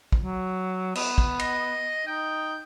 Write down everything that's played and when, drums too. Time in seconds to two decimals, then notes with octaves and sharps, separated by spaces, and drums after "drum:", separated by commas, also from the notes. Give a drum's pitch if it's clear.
0.12 drum: kick
0.21 F#3
0.95 B3, drum: cymbal
1.18 drum: kick
1.39 D#5, drum: cymbal
2.07 D#4 G5